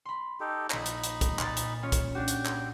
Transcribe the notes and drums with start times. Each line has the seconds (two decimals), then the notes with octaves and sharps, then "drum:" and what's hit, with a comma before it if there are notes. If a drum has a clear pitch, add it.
0.05 B5 C6
0.40 D#4 G4 A4
0.70 A#1 D#4 B5 A#6, drum: clap
0.86 drum: hi-hat
1.04 drum: hi-hat
1.21 drum: kick, hi-hat
1.39 A#2 A6, drum: clap
1.57 drum: hi-hat
1.82 C#4 F4 C#5
1.92 drum: kick, hi-hat
2.15 D4 F#4 G4
2.28 drum: hi-hat
2.46 drum: clap